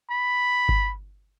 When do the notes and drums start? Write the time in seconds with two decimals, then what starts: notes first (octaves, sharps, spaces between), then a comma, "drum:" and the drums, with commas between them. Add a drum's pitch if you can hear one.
0.10 B5
0.69 drum: kick G1